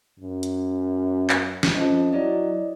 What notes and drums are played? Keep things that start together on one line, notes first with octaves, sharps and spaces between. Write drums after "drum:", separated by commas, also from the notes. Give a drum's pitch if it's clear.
F#2
drum: hi-hat
drum: clap
drum: snare
F2 C#4 D#5
F#3 E4 D5 D#5